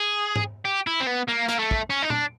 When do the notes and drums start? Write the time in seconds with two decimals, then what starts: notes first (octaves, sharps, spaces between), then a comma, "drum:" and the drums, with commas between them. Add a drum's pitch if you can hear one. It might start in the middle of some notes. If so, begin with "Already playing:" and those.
Already playing: G#4
0.36 drum: tom G#2
0.65 G4
0.87 E4
1.00 C4
1.06 B3
1.28 A#3
1.48 A#3, drum: hi-hat
1.59 A3
1.71 drum: kick
1.90 C#4
2.03 D#4
2.10 D4, drum: tom